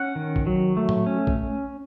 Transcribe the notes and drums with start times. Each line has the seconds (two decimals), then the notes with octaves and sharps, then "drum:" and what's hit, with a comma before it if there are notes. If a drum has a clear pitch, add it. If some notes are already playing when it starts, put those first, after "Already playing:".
Already playing: C#4 F#5
0.16 D#3
0.36 drum: kick A#1
0.47 F#3
0.77 A3
0.89 drum: tom
1.06 C#4
1.27 drum: kick A#1